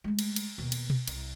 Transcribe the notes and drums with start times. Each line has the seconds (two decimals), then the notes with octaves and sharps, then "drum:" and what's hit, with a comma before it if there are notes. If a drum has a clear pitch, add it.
0.04 G#3 A3
0.19 drum: cymbal
0.36 drum: cymbal
0.58 D#2 B2
0.72 drum: cymbal
0.90 drum: tom B2
1.08 C2, drum: cymbal